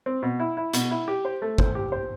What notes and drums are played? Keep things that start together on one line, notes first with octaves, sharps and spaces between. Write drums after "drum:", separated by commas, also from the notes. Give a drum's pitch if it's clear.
C4
B2
E4
E4
B2, drum: hi-hat
E4
G4
C5
A3
C5, drum: kick
G4
C5